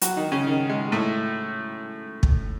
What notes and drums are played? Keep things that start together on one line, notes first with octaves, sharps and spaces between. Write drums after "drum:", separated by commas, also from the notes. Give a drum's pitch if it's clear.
F#3 F#4, drum: hi-hat
D#3 D#4
C#3 C#4
D#3 D#4
G#3
A2 A3
drum: kick